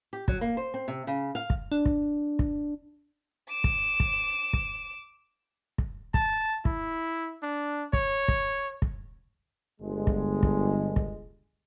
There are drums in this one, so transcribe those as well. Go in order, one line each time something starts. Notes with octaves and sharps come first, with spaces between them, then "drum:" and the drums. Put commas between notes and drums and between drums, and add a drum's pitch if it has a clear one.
G4
F#3, drum: kick
A#3
C5
C4
C3
C#3
F5
drum: kick
D4
drum: kick
drum: kick
D6 E7
drum: kick
drum: kick
drum: kick
drum: kick
A5, drum: kick
E4, drum: kick
D4
C#5, drum: kick
drum: kick
drum: kick
G1 G#3
drum: kick
drum: kick
drum: kick